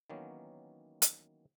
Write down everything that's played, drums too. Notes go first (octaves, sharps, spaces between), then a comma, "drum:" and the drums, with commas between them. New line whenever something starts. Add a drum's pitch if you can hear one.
D#3 E3 F#3 A#3 B3 C#4
drum: hi-hat